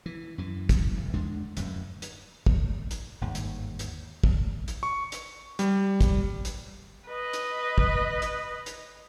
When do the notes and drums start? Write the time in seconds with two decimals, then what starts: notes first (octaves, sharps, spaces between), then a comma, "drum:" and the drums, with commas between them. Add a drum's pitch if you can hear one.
0.06 E3
0.38 F#2 E3
0.69 drum: kick, hi-hat
0.97 F1
1.14 E2 D3 G#3 D4
1.57 D1 F#2 A2, drum: hi-hat
2.02 drum: hi-hat
2.46 drum: kick
2.91 drum: hi-hat
3.21 G1 D#2 G#2
3.35 drum: hi-hat
3.79 drum: hi-hat
4.24 drum: kick
4.68 drum: hi-hat
4.83 C#6
5.12 drum: hi-hat
5.59 G3, drum: hi-hat
6.01 drum: kick, hi-hat
6.45 drum: hi-hat
7.08 B4 D#5
7.33 drum: hi-hat
7.78 drum: kick
8.22 drum: hi-hat
8.66 drum: hi-hat